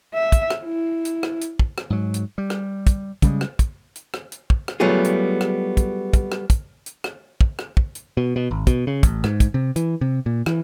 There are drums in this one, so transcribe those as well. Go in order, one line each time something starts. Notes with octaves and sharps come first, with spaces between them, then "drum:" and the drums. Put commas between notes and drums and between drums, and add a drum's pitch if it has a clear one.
E5
drum: kick, hi-hat
drum: rim click
E4
drum: hi-hat
drum: rim click
drum: hi-hat
drum: kick
drum: rim click
G#2 F#3
drum: hi-hat
G3
drum: rim click
drum: kick, hi-hat
C#3 G3 G#3, drum: kick, hi-hat
drum: rim click
drum: kick, hi-hat
drum: hi-hat
drum: rim click
drum: hi-hat
drum: kick
drum: rim click
F#3 G3 A3 B3 F4 G#4
drum: hi-hat
drum: rim click
drum: kick, hi-hat
drum: kick, hi-hat
drum: rim click
drum: kick, hi-hat
drum: hi-hat
drum: rim click
drum: kick
drum: rim click
drum: kick
drum: hi-hat
B2
B2
G#1
B2, drum: kick, hi-hat
C#3
A1, drum: kick, hi-hat
G#2, drum: rim click
drum: kick, hi-hat
C3
E3, drum: hi-hat
C3
A#2
E3, drum: rim click